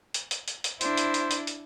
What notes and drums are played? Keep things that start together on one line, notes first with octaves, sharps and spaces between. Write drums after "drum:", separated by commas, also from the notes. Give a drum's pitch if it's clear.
drum: hi-hat
drum: hi-hat
drum: hi-hat
drum: hi-hat
D4 E4 C5, drum: hi-hat
drum: hi-hat
drum: hi-hat
drum: hi-hat
drum: hi-hat